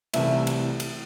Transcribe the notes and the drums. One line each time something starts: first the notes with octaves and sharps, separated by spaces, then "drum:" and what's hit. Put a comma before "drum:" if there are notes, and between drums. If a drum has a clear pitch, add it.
C2 C3 E3 A3 E5, drum: cymbal
drum: cymbal
drum: cymbal